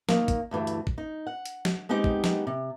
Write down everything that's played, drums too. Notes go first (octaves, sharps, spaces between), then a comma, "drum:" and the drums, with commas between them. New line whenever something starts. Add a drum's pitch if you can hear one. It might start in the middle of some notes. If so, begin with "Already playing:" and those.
D#3 A#3, drum: snare
drum: kick, hi-hat
D2 G2 E3 A3
drum: hi-hat
drum: kick
D#4
F#5
drum: hi-hat
drum: snare
G#3 B3 C4 D#4 G4
drum: kick
drum: snare
C3